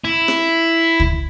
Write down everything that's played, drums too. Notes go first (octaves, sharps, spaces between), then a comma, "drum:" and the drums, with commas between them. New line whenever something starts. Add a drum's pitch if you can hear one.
E4
drum: rim click
drum: kick